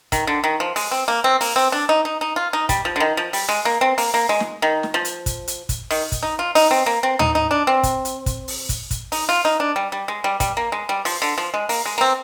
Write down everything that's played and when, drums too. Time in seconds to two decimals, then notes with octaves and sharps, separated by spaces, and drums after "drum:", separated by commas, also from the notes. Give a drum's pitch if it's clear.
0.12 D#3, drum: kick, hi-hat
0.27 D3
0.44 D#3
0.60 F3
0.76 G#3, drum: open hi-hat
0.91 C4
1.08 A#3
1.24 C4
1.41 A#3, drum: open hi-hat
1.56 C4
1.72 D4
1.89 D#4
2.05 D#4
2.21 D#4
2.36 F4
2.53 D#4
2.69 G3, drum: kick, hi-hat
2.85 F3
2.96 D3
3.00 D#3
3.17 F3
3.33 G3, drum: open hi-hat
3.49 G#3
3.65 A#3
3.81 C4
3.98 A#3, drum: open hi-hat
4.14 A#3
4.29 G#3
4.40 drum: snare
4.62 D#3
4.83 drum: snare
4.94 F3
5.05 drum: hi-hat
5.26 drum: kick, hi-hat
5.48 drum: hi-hat
5.69 drum: kick, hi-hat
5.91 D#3, drum: open hi-hat
6.12 drum: kick, hi-hat
6.23 D#4
6.39 F4
6.55 D#4, drum: open hi-hat
6.71 C4
6.86 A#3
7.03 C4
7.19 D#4, drum: tom
7.35 D#4
7.51 D4
7.67 C4
7.83 drum: kick, hi-hat
8.05 drum: hi-hat
8.26 drum: kick, hi-hat
8.48 drum: open hi-hat
8.69 drum: kick, hi-hat
8.91 drum: kick, hi-hat
9.12 D#4, drum: open hi-hat
9.29 F4
9.45 D#4
9.60 D4
9.76 G3
9.92 G3
10.08 G#3
10.24 G3
10.40 G3, drum: kick, hi-hat
10.57 A#3
10.72 G#3
10.89 G3
11.05 F3, drum: open hi-hat
11.22 D3
11.38 F3
11.54 G#3
11.69 A#3, drum: open hi-hat
11.86 G#3
11.98 A#3
12.01 C4